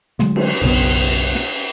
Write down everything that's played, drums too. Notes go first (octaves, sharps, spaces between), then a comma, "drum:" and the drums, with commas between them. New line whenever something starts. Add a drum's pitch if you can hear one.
D3 F#3 G#3 A3, drum: snare
drum: cymbal
F#1 B1 B3
drum: hi-hat
drum: snare